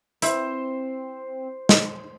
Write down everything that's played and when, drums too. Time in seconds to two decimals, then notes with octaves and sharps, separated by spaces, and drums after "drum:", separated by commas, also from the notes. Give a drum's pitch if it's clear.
0.22 C4 E4 C5, drum: hi-hat
1.69 drum: snare